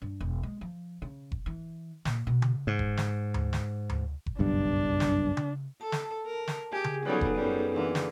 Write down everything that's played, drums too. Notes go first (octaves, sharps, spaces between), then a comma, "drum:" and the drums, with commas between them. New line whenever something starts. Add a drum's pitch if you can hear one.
G2
E1
G#3
F3
C#3
drum: kick F1
E3
A#2, drum: snare
B2
drum: tom C#3
G#2
drum: kick F1
drum: snare
drum: tom D2
drum: snare
drum: tom D2
drum: kick F1
F#1 B1 G2 D4
drum: snare
drum: tom C#3
A4 A5
drum: snare
A#4
drum: snare
G4 G#4 G#5
drum: tom C#3
C#3 F#3 G3 B3 D#4 G#4 A4 B4
drum: kick F1
F#2 G3
D3 E3 A#3
drum: snare